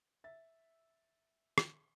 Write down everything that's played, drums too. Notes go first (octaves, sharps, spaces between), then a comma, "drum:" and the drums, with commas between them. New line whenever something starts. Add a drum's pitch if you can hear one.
E5 A6
drum: rim click